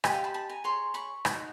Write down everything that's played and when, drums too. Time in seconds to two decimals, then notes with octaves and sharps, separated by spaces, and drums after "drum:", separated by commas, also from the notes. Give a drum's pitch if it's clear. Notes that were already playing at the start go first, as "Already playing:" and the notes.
0.04 G4 C5 D#5 F#5 G#5, drum: rim click
0.14 F5 G5
0.24 A5 B5
0.34 A5 B5
0.50 G#5 A#5
0.64 G#4 C#5 A#5 C6
0.94 B5 C#6
1.25 D#4 F#4, drum: rim click